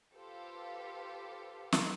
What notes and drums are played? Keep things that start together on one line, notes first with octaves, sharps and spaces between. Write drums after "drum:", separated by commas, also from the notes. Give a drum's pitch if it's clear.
F4 G4 A4 B4 C5 F5
drum: snare